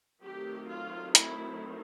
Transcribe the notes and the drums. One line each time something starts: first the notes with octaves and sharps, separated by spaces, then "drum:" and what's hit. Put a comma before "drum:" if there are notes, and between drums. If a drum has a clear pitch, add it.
D#3 F#3 A3 C4 G4
F4
E4, drum: hi-hat